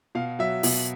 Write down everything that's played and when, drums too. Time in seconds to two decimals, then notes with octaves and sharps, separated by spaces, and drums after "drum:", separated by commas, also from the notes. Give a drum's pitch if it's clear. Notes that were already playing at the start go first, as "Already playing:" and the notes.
0.15 B2 F5
0.39 F#3 E5
0.63 B2, drum: open hi-hat